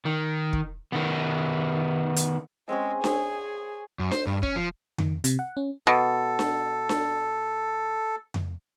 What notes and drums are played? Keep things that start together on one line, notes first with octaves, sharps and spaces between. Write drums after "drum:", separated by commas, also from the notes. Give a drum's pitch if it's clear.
D#3
drum: kick
D#3 B3
drum: hi-hat
G#3 C4 C#4 G#4
G#4 C5 C#5, drum: snare D4
F#2
C5, drum: snare D4
G2
C#4, drum: kick
F3
D#3, drum: tom F2
C3, drum: hi-hat
F#5
C#4
B2 A4
drum: snare D4
drum: snare D4
drum: tom F2